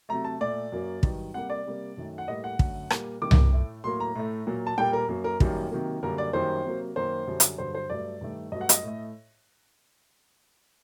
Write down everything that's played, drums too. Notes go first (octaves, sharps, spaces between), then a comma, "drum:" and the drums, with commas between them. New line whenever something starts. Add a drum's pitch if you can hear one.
C3 F#3 A3 A#5
A5
A#2 A3 D5
F#2 F#3 A#3
G2 D#3 F#3, drum: kick
C3 G3 A#3 F#5
D5
C3 G3 A#3
F#2 D#3 A3
F#5
A2 G3 A#3 D#5
F#5
F#2 D3 A3, drum: kick
A#2 G3 A#3, drum: rim click
C3 D#3 G3 A#3 D6
drum: tom C2
A2 A3
A2 F#3 A#3 C6
A#5
A2 A3
A#2 F#3 A#3
A5
A#2 G3 A#3 G5
A#4
F#2 F#3 A#3
A#4
F#2 D#3 G3 A#3, drum: kick
C3 D#3 F#3 A#3
F#2 D3 G3 A#3 A#4
D5
F#2 D#3 G3 A#3 C5
C3 F#3 A#3
F#2 D#3 F#3 A#3 C5
F#2 D3 G3
drum: hi-hat
G2 D3 F#3 C5
C5
G2 F#3 A3 D5
G2 D#3 A3
G2 F#3 A3 D#5
F#5
D#5, drum: hi-hat
A2 A3